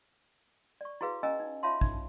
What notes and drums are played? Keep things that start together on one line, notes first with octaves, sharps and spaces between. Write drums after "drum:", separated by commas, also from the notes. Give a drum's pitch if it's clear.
D5 C#6
E4 F#4 G#4 B4 F5
C#4 D#5 G#5 A#5 E6
D#4
F4 C#5 E5 F5 A5 C6
D#4, drum: kick